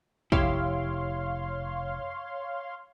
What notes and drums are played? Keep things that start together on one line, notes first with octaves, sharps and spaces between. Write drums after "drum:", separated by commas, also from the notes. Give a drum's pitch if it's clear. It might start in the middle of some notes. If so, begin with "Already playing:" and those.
F1 E4 G4 C#5 F5 C6, drum: kick A#1